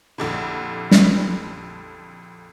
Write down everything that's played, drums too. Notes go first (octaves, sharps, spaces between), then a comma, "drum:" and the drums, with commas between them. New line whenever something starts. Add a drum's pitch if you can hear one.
A#1 F2 D3 E4 G4 F#5
drum: snare